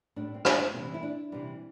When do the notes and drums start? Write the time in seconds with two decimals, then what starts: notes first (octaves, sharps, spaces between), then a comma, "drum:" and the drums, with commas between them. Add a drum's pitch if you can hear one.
0.16 A2 G3 D4
0.34 C4
0.45 D4, drum: rim click
0.74 C3 E3 G3 C4
0.94 E4
1.03 D4
1.32 C3 E3 G3